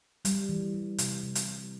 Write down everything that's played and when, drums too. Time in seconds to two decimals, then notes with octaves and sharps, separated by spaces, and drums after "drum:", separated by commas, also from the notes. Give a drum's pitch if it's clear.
0.25 G3, drum: hi-hat
0.49 E3
0.74 G3
0.98 C3, drum: hi-hat
1.23 C3
1.35 drum: hi-hat
1.48 G3